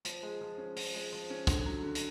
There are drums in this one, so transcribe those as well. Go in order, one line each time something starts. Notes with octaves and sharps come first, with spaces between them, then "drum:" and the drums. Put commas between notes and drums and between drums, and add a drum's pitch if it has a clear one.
F3, drum: hi-hat
G#3
F3
C#4
F3, drum: open hi-hat
G#3
F3
C#4
D3, drum: kick, hi-hat
F#3
D3
drum: hi-hat